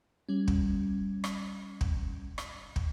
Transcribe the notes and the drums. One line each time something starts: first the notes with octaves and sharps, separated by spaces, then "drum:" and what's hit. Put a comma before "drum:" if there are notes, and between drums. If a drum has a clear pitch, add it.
G3 C#4
drum: kick
drum: rim click
drum: kick
drum: rim click
drum: kick